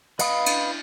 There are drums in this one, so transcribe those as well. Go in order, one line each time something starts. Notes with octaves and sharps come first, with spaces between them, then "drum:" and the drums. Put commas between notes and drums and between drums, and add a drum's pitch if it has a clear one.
B4 D#5 F5 B5 D#6, drum: cymbal
drum: cymbal